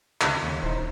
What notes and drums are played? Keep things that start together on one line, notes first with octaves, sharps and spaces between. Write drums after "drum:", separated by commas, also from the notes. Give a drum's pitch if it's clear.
C#2 D3 D#3, drum: clap
D#2
D#1 D#4 E4 C5